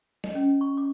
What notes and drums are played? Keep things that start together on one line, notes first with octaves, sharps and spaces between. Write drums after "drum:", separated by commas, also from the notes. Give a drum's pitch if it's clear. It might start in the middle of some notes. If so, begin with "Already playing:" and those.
D#5, drum: snare
C#4
C#6
D6